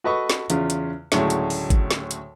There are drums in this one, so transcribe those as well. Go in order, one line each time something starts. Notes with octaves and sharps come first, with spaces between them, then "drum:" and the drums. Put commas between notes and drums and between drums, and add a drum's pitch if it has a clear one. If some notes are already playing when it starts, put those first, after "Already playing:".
F#4 A4 B4 D#5 B5 C#6
drum: snare
E2 C#3 F4, drum: hi-hat
drum: hi-hat
D2 A2 C#3 F#3 G#3, drum: snare
drum: hi-hat
drum: open hi-hat
drum: kick, hi-hat
drum: snare
drum: hi-hat